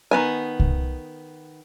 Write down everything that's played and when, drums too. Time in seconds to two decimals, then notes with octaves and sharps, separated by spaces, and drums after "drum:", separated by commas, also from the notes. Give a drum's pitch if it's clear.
0.11 D#3 F#3 B3 G#5
0.60 drum: kick C2